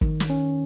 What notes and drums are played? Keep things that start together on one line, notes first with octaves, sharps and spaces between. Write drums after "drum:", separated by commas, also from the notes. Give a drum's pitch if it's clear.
D#3, drum: kick
drum: snare
C#4